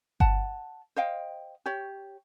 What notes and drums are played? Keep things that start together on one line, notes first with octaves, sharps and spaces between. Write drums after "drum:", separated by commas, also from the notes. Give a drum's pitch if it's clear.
F#5 A5, drum: kick G1
C5 D#5 F5 G5
G4 C#5